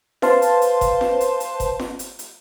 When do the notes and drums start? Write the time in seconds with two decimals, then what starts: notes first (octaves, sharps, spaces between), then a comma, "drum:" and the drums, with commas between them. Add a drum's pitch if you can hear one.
0.22 B4 C5 F5 A5 C6, drum: snare F4
0.42 drum: hi-hat
0.62 drum: hi-hat
0.81 drum: kick F#1, hi-hat
1.01 drum: snare F4
1.21 drum: hi-hat
1.40 drum: hi-hat
1.60 drum: kick F#1, hi-hat
1.79 drum: snare F4
1.99 drum: hi-hat
2.19 drum: hi-hat